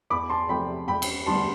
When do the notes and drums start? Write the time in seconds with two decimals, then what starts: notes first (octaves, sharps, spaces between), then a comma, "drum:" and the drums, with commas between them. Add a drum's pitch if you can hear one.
0.10 E2 B5 D6
0.30 A5 C6
0.49 C3 F3 A3 G5 B5
0.88 E1 G5 B5
1.02 drum: cymbal
1.26 D2 D3 G3 B3 A5 C6